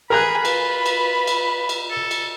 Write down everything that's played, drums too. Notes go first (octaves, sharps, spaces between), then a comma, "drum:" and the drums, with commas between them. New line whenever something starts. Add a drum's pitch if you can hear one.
G#4 A#4 A#5 B5 F#6
F4 B4, drum: cymbal
drum: cymbal
drum: cymbal
drum: cymbal
A4
drum: cymbal